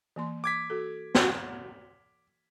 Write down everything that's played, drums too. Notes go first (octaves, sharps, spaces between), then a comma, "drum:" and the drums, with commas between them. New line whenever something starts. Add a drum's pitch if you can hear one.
E3 A#3 C6
D6 G#6 B6
F#4 A4
drum: snare